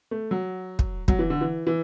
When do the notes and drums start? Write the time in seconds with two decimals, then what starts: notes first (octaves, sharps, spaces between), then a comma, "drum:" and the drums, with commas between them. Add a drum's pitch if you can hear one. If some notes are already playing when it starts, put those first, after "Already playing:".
0.11 A3
0.31 F#3
0.79 drum: kick
1.08 F#3, drum: kick
1.19 E3
1.30 D3
1.41 E3
1.67 E3